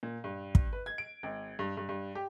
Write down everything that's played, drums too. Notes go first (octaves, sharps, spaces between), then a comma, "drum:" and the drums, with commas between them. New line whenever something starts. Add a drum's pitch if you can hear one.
A#2
G2
drum: kick
B4
G#6
D7
G#1
G2
G2
G2
G4